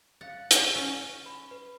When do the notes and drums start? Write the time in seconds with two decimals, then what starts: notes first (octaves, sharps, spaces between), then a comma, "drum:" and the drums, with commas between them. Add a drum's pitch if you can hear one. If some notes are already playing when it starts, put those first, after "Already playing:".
0.21 F5 F#5 A6
0.51 F7, drum: hi-hat
0.75 C#4
1.26 B5
1.51 B4